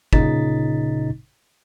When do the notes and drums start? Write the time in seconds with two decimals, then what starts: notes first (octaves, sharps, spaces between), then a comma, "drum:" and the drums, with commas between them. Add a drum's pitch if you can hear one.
0.13 G1 A#2 C#3 D#4 A6 B6, drum: kick G1